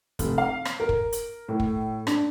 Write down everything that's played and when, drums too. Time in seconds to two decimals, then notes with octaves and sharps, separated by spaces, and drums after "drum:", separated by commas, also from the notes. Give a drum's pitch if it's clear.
0.19 F1, drum: kick, hi-hat
0.38 F5
0.65 drum: rim click
0.80 A#4
0.89 drum: kick
1.12 drum: hi-hat
1.48 A2
1.60 drum: kick
2.07 D4, drum: rim click